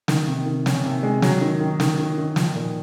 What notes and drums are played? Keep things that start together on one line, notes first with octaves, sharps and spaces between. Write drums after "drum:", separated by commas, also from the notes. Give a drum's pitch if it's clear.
D#3, drum: snare
C3
D#3
C#4, drum: snare
C3
G#3
F#3, drum: snare
D#3
D#3
D#3, drum: snare
D#3
D#3
F3, drum: snare
A#2